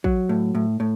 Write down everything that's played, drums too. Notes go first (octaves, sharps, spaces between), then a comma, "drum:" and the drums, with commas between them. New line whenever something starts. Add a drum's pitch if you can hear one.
F#3, drum: kick A1
A2
A2
A2